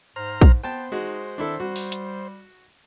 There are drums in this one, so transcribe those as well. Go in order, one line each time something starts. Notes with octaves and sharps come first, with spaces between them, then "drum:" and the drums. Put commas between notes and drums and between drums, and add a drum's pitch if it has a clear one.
G#2 C5 A#5 F6
drum: kick A#1
B3 C5 G5 A5
G#3 D#4 F#4
D#3 D4 E4 A4
G3 F#4
drum: open hi-hat
drum: hi-hat